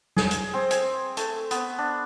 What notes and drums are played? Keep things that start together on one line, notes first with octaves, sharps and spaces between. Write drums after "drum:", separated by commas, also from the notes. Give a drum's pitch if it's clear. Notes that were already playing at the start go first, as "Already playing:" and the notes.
G#4, drum: snare
drum: hi-hat
C4
G#5, drum: hi-hat
A3, drum: hi-hat
B3, drum: hi-hat
D4